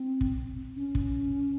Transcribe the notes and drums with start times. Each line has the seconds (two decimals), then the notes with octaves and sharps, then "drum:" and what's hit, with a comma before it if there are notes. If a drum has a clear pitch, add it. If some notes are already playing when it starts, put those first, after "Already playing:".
Already playing: C4
0.21 drum: kick
0.76 C#4
0.95 drum: kick